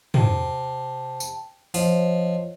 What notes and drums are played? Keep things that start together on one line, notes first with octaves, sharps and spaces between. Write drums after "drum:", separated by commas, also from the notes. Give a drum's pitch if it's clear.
C3 G5 A5, drum: tom
drum: tambourine
F3 C5 C#5 D#5, drum: open hi-hat